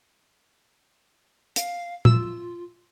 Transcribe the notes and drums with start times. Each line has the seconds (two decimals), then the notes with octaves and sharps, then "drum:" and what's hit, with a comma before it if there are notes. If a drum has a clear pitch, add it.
1.56 F5, drum: hi-hat
2.05 F4 E6, drum: tom